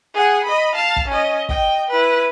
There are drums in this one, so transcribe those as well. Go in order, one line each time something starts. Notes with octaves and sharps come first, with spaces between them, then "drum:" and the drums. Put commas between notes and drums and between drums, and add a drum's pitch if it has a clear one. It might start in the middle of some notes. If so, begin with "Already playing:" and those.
G#4 F#5
D#5 B5
F5 A5
drum: kick
C#4 D#5
D#5 G5, drum: kick
E4 B4